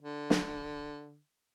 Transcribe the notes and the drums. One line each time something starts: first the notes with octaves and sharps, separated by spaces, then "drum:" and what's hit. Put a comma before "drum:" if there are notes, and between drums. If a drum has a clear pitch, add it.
D3
drum: snare